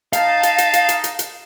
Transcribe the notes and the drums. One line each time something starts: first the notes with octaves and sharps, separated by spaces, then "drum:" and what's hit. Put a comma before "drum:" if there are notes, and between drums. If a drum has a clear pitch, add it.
D#4 F5 A5, drum: hi-hat
drum: hi-hat
drum: hi-hat
drum: hi-hat
drum: hi-hat
drum: hi-hat
drum: hi-hat